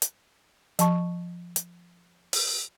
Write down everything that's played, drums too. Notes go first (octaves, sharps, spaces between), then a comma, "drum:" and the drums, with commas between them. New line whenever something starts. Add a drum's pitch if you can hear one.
drum: hi-hat
F3 A5 C#6, drum: hi-hat
drum: hi-hat
drum: open hi-hat